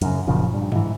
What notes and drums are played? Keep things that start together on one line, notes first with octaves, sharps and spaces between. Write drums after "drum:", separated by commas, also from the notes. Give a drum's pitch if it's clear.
F#2 C#3, drum: hi-hat
F#1 A#2 C#3 F3
G2
G#2 E3, drum: tom G2